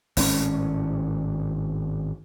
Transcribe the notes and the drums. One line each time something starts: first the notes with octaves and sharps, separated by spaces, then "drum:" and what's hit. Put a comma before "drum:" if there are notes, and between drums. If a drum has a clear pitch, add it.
G#1 A2 C#4, drum: open hi-hat